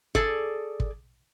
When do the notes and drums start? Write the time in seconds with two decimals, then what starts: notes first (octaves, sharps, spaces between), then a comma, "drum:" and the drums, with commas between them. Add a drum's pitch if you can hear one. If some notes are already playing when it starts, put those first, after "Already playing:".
0.15 G#4 A4 D5, drum: kick
0.80 drum: kick